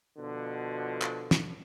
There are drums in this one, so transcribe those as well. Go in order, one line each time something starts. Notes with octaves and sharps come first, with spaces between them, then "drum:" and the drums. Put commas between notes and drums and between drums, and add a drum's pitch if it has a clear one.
B2 D3 F3
drum: clap
drum: snare